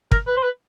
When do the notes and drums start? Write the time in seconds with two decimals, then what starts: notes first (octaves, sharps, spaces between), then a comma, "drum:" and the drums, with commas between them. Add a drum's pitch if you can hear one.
0.12 A#4, drum: kick
0.27 B4
0.37 C5
0.43 B4